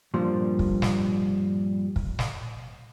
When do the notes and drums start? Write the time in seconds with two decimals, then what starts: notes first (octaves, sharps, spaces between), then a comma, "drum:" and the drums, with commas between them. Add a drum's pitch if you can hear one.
0.14 G2 A#2 F3 G3
0.59 drum: kick
0.82 drum: snare
1.96 drum: kick
2.19 drum: snare